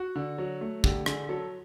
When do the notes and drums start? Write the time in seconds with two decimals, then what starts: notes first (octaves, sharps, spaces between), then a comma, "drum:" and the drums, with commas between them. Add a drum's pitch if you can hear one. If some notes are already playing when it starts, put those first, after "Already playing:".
Already playing: F#4
0.16 D3
0.38 F#3
0.61 A3
0.84 D3 G4, drum: kick
1.06 D3 G#4, drum: rim click
1.29 F#3 A4